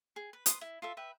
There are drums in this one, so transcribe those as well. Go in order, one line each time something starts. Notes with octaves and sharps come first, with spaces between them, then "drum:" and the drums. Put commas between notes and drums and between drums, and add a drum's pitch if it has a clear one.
G#4
B4
B4 C5 D#6, drum: hi-hat
E4
F4 A4 E5
B4 E5 G5